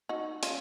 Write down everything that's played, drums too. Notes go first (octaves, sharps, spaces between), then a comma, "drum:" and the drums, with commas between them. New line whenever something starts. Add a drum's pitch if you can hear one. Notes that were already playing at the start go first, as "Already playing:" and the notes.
D#4 F#4
C#4 F4, drum: hi-hat